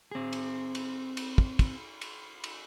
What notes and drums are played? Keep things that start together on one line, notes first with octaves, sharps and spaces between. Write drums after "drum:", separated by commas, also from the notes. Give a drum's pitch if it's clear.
C4 G#4
drum: cymbal
drum: cymbal
drum: cymbal
drum: kick
drum: kick, cymbal
drum: cymbal
drum: cymbal